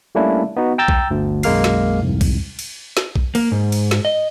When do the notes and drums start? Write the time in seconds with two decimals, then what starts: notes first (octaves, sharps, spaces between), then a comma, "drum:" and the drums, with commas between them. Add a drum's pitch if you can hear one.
0.15 G3 A3 A#3 C#4 D4 E4
0.56 B3 D#4 F#4
0.78 G5 A#5 E6 G6 A6
0.88 drum: kick A#1
1.10 G1 D2
1.43 B1 F#2 G#3 A#3 F6 C7, drum: cymbal
1.64 drum: snare
2.02 C2 F2 G#2
2.21 drum: kick A#1, cymbal
2.59 drum: cymbal
2.97 drum: snare
3.16 drum: kick A#1
3.35 A#3, drum: cymbal
3.52 G#2
3.72 drum: cymbal
3.91 drum: snare
4.05 D#5